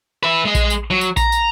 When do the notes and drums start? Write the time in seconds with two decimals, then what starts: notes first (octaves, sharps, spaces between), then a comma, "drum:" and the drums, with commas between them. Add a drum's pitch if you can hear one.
0.23 B4 E5
0.45 G#3 D#5
0.55 drum: kick A#1, tambourine
0.70 drum: tambourine
0.91 F#3
1.01 drum: tambourine
1.17 A#5, drum: kick A#1, tambourine
1.32 drum: tambourine